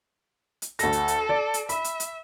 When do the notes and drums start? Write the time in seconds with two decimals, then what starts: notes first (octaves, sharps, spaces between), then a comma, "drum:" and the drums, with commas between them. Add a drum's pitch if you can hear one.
0.62 drum: hi-hat
0.79 D2 A4 A#6, drum: hi-hat
0.92 drum: hi-hat
1.08 drum: hi-hat
1.29 D5
1.54 drum: hi-hat
1.69 E5 B5, drum: hi-hat
1.84 drum: hi-hat
2.00 drum: hi-hat